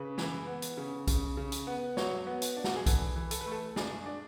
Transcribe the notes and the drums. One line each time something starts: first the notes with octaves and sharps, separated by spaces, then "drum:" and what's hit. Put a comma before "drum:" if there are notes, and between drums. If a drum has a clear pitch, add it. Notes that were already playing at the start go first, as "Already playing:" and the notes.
Already playing: C#3 B4
E3, drum: snare
B3
drum: hi-hat
C#3
C#3, drum: kick B1, hi-hat
C#3
drum: hi-hat
B3
F#3 C#5, drum: snare
B3
drum: hi-hat
D4
F#4, drum: snare
G#4
E3 A4, drum: kick B1, hi-hat
E3
A4, drum: hi-hat
B4
A3
A4
D4 G#4, drum: snare
D4